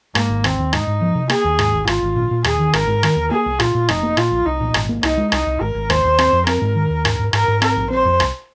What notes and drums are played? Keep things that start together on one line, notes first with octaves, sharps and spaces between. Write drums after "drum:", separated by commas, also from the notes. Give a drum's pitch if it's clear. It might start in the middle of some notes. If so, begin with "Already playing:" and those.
G#2 A#3, drum: rim click
G#1
D#2 C4, drum: rim click
D#2
G#2 D#4, drum: rim click
G#2
F3
C3
A#3 G#4, drum: rim click
D#2
G#2, drum: rim click
G#1
G#1 F4, drum: rim click
G#1
A#2
A#2
D#2 G#4, drum: rim click
D#3
G#1 A#4, drum: rim click
G#2
D#3, drum: rim click
D#2
A#3 G#4
C2
A#2 F4, drum: rim click
A#2
F1 D#4, drum: rim click
A#3
A#2 F4, drum: rim click
A#1
C2 D#4
A#2
G#1, drum: rim click
A#3
C2 D#4, drum: rim click
G#3
C2 D#4, drum: rim click
C2
G#1 A#4
G#1
D#2 C5, drum: rim click
D#2
C4, drum: rim click
F2
C4 A#4, drum: rim click
G#2
D#3
D#2
G#2, drum: rim click
G#2
G#2 A#4, drum: rim click
G#2
C4 A#4, drum: rim click
A#1
C4 C5
F2
C2, drum: rim click